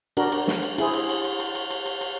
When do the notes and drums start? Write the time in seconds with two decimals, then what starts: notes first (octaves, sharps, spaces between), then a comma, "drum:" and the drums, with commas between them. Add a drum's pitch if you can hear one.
0.17 D4 F#4 A#4, drum: cymbal
0.32 drum: cymbal
0.48 drum: snare
0.63 drum: cymbal
0.78 E4 G#4 C5, drum: cymbal
0.94 drum: cymbal
1.09 drum: cymbal
1.24 drum: cymbal
1.40 drum: cymbal
1.55 drum: cymbal
1.70 drum: cymbal
1.86 drum: cymbal
2.01 drum: cymbal